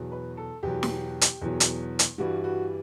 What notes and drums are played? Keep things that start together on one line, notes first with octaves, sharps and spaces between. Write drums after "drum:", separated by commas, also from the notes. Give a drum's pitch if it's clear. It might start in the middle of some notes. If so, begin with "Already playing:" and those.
Already playing: E2 B2 F#3
B4
A4
E2 B2 F#3 G4
drum: snare
drum: hi-hat
E2 B2 F#3
drum: hi-hat
drum: hi-hat
G2 E3 G3 F#4
F#4